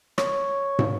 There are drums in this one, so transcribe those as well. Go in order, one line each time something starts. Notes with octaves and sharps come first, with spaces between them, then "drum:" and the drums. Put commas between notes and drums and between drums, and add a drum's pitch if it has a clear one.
C#5, drum: rim click
drum: tom